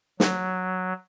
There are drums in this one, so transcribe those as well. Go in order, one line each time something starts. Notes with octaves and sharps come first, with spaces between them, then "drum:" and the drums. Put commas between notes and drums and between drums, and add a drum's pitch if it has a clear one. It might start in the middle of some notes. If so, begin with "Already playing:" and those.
F#3, drum: snare